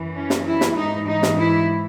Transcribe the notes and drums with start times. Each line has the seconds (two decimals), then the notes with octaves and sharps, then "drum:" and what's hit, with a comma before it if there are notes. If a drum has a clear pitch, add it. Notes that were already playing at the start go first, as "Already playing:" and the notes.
Already playing: F#2 E3
0.15 C#4
0.30 drum: snare
0.46 E4
0.61 drum: snare
0.76 G#2 E3 D#4
1.08 D#4
1.23 drum: snare
1.39 E4